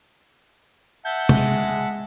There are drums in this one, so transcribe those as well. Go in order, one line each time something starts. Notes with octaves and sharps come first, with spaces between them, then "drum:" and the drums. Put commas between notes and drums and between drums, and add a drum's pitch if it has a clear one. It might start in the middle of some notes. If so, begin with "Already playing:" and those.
E5 F#5 A5 G6
G#3, drum: tom